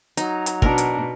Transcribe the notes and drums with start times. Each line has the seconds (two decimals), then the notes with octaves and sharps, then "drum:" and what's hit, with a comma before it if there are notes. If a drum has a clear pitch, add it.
0.17 F#3 D#4, drum: hi-hat
0.46 drum: hi-hat
0.62 B2 D4 A#4, drum: kick
0.78 drum: hi-hat